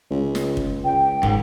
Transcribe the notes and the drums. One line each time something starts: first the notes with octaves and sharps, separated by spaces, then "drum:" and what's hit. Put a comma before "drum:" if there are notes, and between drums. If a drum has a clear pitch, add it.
C#2
drum: snare
drum: kick
C#2 G5
G#2 D#3, drum: kick